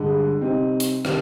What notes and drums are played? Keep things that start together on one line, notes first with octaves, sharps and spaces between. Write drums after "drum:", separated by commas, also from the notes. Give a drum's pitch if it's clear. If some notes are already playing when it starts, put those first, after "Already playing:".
Already playing: G2 D3 G#3
C3 G3 C4 D#4
drum: hi-hat
C3 D#3 G3 D4, drum: rim click